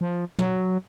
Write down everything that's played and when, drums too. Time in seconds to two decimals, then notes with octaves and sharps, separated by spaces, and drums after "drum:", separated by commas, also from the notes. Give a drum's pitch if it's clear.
0.01 F3
0.39 F#3, drum: tom